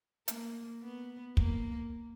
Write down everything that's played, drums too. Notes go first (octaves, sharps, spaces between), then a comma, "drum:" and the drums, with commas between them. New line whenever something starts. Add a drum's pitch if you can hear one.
A#3, drum: hi-hat
B3
A#3, drum: kick